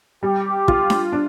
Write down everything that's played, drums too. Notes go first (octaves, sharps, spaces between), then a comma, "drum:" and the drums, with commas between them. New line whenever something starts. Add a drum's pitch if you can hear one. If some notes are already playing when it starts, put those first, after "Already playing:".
G3 G4
F4, drum: kick
drum: snare D4
D4